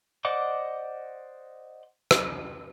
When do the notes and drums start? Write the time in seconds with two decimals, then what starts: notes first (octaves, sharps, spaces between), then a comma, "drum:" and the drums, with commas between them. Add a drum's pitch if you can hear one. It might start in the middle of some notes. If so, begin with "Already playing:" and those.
0.25 C5 D5 D#5 F#5 D6
2.11 drum: rim click